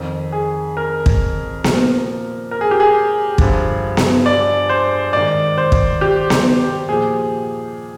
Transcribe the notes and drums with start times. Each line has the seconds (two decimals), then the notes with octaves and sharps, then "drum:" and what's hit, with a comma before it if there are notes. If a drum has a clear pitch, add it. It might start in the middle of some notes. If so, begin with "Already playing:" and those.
Already playing: F2 D#3
0.32 G#4
0.77 A#4
1.06 drum: kick
1.64 A#2 F3, drum: snare B3
2.51 A#4
2.61 G#4
2.71 G4
2.80 G#4
3.38 G2 D3 F3, drum: kick
3.97 drum: snare B3
4.26 D5
4.69 C5
5.13 G#2 D#3 D5
5.58 C5
5.72 drum: kick
6.01 G4
6.30 drum: snare B3
6.89 A#2 F3 G#4